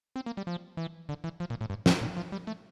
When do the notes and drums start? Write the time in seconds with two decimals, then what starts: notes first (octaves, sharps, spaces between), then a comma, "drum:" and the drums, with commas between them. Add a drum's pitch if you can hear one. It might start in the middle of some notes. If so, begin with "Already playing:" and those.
0.16 C4
0.26 A#3
0.37 G3
0.47 F3
0.77 E3
1.09 D3
1.24 E3
1.40 F3
1.50 A#2
1.61 A2
1.70 G2
1.86 A2, drum: snare
2.01 A#2
2.17 F3
2.32 G3
2.47 A3